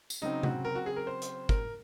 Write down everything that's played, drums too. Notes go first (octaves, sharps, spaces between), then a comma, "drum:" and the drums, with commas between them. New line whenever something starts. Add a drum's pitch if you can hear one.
drum: tambourine
C#3 F#3 C4 D#4
F#4, drum: tom C3
A#4
F#4
G#4
A#4
C5
drum: hi-hat
A#4, drum: kick